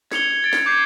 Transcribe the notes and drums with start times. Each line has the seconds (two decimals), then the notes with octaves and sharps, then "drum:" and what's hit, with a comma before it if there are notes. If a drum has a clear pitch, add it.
0.12 G#6 C#7 F7 G7, drum: snare
0.42 G#6 A6 D7
0.53 drum: snare
0.66 D6 G6 G#6 C7